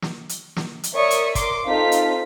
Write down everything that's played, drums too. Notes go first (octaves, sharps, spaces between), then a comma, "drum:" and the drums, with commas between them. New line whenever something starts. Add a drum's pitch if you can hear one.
drum: snare
drum: hi-hat
drum: snare
drum: hi-hat
A#4 C#5 D5 E5 C#6 D#6
drum: hi-hat
A#4 C6 D6, drum: kick, hi-hat
C4 D#4 F4 A4 F5 B6
drum: hi-hat